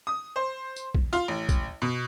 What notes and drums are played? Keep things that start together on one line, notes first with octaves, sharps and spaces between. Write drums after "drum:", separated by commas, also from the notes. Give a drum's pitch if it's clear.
D#6
C5
drum: tambourine
drum: kick A#1
F4, drum: tambourine
A1
drum: kick A#1, tambourine
B2